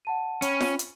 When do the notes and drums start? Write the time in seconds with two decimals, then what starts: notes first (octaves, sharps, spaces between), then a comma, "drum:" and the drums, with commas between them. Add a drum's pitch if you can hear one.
0.05 F#5 A5 D#7
0.42 C#4 G5 B5 F6, drum: hi-hat
0.61 drum: snare F4
0.79 drum: hi-hat